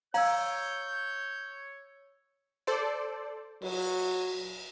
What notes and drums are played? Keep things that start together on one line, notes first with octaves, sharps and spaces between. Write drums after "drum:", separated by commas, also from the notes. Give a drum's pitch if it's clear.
C#5 F5 A#5 E6 G6 G#6 F#7, drum: open hi-hat
A4 C5 D5
F#3, drum: cymbal